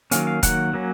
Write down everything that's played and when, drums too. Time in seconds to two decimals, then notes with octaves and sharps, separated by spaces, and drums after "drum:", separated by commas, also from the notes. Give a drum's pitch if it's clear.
0.11 D#3 F#3 A#3 C#4 F5, drum: hi-hat
0.27 F5
0.43 D#3 F#3 A#3 F#5, drum: kick E1, hi-hat
0.73 F#3 A#3 C#4